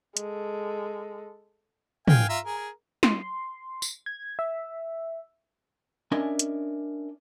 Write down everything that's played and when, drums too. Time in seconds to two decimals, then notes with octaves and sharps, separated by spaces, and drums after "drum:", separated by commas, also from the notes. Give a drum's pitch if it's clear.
0.17 G#3 A4, drum: hi-hat
2.08 F5 G5 G#5, drum: tom
2.29 F4 E5 A#5
2.44 G#4 A#4
3.03 C6, drum: snare
3.82 drum: tambourine
4.06 G#6
4.39 E5
6.12 C#4 D4 A#4 D#5 E5 G#5
6.39 drum: hi-hat